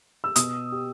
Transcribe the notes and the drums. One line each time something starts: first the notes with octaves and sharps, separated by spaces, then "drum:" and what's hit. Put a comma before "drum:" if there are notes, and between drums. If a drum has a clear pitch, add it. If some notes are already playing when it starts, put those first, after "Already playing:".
E6
B2 D#6, drum: hi-hat
G4